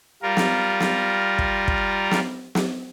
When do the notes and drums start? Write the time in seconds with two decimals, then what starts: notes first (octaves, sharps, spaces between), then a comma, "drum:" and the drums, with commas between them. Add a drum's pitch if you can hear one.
0.22 G3 F4 A#4
0.37 drum: snare
0.80 drum: snare
1.39 drum: kick
1.68 drum: kick
2.11 drum: snare
2.55 drum: snare